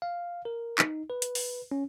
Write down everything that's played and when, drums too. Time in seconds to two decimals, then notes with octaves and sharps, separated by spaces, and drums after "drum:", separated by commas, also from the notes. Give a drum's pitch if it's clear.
0.02 F5
0.45 A#4
0.78 D#4, drum: clap
1.10 B4
1.22 drum: hi-hat
1.35 drum: open hi-hat
1.72 C#4